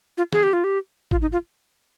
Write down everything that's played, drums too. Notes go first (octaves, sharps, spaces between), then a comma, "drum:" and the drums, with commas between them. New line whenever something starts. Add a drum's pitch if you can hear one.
F4
G#4, drum: snare
G4
F4
G4
F4, drum: kick G#1
D#4
F4